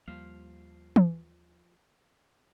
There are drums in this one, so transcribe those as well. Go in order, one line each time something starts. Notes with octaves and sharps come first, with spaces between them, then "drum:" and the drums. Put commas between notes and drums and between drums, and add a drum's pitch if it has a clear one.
D#2 F3 G3 A#3 F5
drum: tom E3